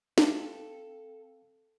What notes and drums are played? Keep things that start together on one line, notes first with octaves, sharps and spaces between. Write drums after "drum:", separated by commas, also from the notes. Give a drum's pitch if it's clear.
C4 A4 F5 G5, drum: snare